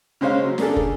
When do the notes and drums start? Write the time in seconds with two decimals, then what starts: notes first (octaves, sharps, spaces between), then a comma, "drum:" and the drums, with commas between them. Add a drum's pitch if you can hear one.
0.21 C#3 G#3 C5 C#5 F5
0.44 F#3
0.58 C#3 A#3 D4 G#4 A4, drum: snare
0.76 drum: kick